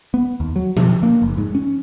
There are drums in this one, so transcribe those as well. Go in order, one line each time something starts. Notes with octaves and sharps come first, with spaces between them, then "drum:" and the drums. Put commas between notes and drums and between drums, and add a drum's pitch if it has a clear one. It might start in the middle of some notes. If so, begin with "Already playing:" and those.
B3
D#2
F#3
B2, drum: tom F3
A#3
F#1
G#2
C#4